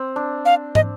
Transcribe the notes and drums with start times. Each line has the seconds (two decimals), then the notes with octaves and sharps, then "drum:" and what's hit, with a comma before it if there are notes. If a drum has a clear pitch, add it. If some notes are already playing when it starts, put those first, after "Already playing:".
Already playing: C4
0.16 D4
0.45 F5
0.75 D#5, drum: tom